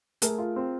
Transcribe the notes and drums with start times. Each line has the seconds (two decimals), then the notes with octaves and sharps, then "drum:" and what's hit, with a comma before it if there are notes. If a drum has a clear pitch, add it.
0.22 A3 G#4 A#4, drum: hi-hat
0.38 F4
0.56 C4